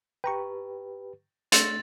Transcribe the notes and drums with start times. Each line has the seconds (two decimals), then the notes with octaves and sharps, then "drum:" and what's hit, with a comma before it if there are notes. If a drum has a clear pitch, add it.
0.24 G4 B4 G5 A#5 C#6
1.52 A3 D4 C6 E6 A6 A#6, drum: hi-hat